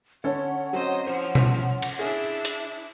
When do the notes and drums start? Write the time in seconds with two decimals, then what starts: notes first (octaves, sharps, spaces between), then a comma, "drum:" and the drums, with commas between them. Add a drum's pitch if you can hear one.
0.24 D3 C#4 A4 C#5 F#5
0.73 F#3 C4 C5 D#5
1.07 F3 E4 C5
1.35 drum: tom B2
1.82 drum: cymbal
1.99 D4 E4 G#4 E5
2.45 drum: hi-hat